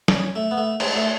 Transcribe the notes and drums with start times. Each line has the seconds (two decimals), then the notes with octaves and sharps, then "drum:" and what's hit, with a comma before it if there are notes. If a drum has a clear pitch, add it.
0.08 D4, drum: snare
0.13 C#4
0.36 A3
0.51 B3
0.57 A3
0.80 G#3, drum: cymbal
0.96 A3